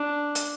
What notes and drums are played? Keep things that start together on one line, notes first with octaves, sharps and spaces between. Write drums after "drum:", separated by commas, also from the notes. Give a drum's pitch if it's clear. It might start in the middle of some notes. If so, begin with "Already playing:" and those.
Already playing: D4
drum: hi-hat